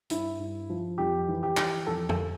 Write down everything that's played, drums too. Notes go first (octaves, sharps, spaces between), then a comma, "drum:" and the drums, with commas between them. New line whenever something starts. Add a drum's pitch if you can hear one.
G2 E4, drum: hi-hat
G2
F3
F2 G4
E3
G4
E3, drum: clap
F2 A4
A4, drum: tom F2